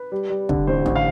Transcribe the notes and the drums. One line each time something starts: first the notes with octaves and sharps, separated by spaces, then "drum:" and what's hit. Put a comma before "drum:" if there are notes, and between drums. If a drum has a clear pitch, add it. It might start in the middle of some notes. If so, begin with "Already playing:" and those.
Already playing: B4
G3
G3
D3, drum: kick
A1 C5
A1, drum: tom
F5